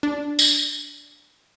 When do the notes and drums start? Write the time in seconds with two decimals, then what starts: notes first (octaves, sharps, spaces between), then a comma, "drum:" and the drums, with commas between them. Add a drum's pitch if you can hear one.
0.03 D4
0.39 drum: tambourine